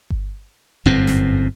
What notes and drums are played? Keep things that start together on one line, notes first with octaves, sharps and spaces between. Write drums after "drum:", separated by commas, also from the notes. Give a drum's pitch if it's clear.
drum: kick G1
G1 F#2 A2 C4
drum: snare